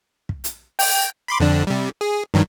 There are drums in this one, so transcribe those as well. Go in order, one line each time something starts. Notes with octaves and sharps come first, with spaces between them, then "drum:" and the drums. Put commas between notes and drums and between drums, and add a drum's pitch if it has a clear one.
drum: kick
drum: hi-hat
G5, drum: open hi-hat
B5 C6 D6
F2 D3 D4
C3 G3
G#4
G2 D#3 F#3